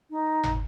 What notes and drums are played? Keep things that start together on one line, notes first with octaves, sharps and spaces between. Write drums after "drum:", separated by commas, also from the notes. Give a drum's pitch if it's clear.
D#4
drum: tom G#1